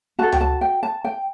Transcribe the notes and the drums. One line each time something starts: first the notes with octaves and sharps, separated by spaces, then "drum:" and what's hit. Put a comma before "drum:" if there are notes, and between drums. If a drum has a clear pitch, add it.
F#4 A4 A5
G5, drum: tom C#2
A5
G5
A5
G5